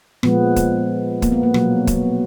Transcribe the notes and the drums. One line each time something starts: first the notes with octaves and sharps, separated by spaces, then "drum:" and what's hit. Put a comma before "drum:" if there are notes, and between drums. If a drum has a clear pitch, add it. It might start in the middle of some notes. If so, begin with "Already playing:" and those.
A#2 F3 G#3 B3, drum: rim click
drum: kick, hi-hat
A#3, drum: kick, hi-hat
B3
A#3
B2 F#3 A#3, drum: rim click
B3, drum: kick, hi-hat